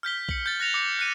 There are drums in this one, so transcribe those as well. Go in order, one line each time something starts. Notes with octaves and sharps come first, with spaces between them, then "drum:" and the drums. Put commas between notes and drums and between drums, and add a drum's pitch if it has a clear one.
F6 G6 B6 G7
C#7 F#7, drum: kick B1
G6 A6
F#6 A#6 C#7 F7
D6 C#7
F#6 C#7 D#7